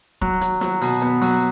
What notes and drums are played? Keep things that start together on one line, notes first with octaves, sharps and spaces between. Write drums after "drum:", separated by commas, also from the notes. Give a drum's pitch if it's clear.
F#3, drum: kick
F#3, drum: hi-hat
F#3, drum: snare
B2, drum: open hi-hat
B3
F#3, drum: open hi-hat